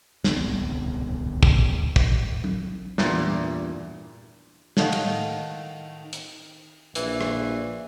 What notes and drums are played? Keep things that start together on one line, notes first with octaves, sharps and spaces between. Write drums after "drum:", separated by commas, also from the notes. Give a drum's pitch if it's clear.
D1 C2 B3 C4, drum: snare
drum: kick
drum: kick
drum: tom F#3
E2 G2 A#2, drum: snare
A2 D#3 A3 F5 F#5, drum: snare
drum: cymbal
drum: hi-hat
A#1 E3, drum: hi-hat
drum: rim click